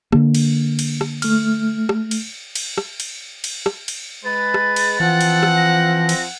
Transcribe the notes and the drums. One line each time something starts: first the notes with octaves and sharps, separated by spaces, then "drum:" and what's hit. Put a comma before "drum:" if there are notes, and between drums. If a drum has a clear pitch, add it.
D3 A#3, drum: rim click
drum: cymbal
drum: cymbal
drum: rim click
A3 F6, drum: cymbal
drum: rim click
drum: cymbal
drum: cymbal
drum: rim click
drum: cymbal
drum: cymbal
drum: rim click
drum: cymbal
G#3 B4 A6
drum: rim click
drum: cymbal
E3 F3 C4 F#5
drum: cymbal
drum: rim click
A#6
drum: cymbal